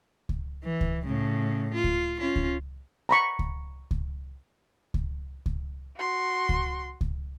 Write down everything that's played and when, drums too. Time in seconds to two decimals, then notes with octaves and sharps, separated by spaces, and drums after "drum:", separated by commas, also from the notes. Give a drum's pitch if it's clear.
0.29 drum: kick C#2
0.64 E3
0.81 drum: kick C#2
1.06 A2 C#3
1.74 F4
1.84 drum: kick C#2
2.20 C#4 F4
2.36 drum: kick C#2
3.09 A#5 B5 C#6
3.39 drum: kick C#2
3.91 drum: kick C#2
4.94 drum: kick C#2
5.46 drum: kick C#2
5.97 F#4 C6
6.49 drum: kick C#2
7.01 drum: kick C#2